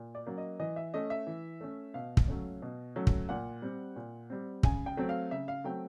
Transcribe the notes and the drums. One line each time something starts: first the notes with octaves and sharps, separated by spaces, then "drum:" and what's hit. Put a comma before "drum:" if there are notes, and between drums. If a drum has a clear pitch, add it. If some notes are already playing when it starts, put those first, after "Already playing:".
Already playing: A#2
D5
F#3 A#3 C#4
D#5
E3 D#5
E5
A3 C#4 D#5
E5
E3
A3 C#4
B2 F5
drum: kick
F#3 A3 C#4
B2
F#3 A3 C#4
drum: kick
A#2 F#5
G3 C4
A#2
G3 C4
C#3 G#5, drum: kick
G5
F#3 A3 C4
F5
C#3 E5
F5
F#3 A3 C4 G5